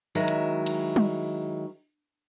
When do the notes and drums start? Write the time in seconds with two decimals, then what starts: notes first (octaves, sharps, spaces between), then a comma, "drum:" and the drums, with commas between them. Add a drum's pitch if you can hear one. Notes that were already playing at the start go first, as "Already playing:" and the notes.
0.15 D#3 F#3 G#3 E4
0.28 drum: hi-hat
0.66 drum: cymbal
0.96 drum: tom G3